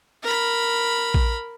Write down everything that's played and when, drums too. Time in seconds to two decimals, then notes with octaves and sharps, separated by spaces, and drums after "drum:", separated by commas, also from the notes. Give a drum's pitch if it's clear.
0.23 A#4 B5
1.14 drum: kick A#1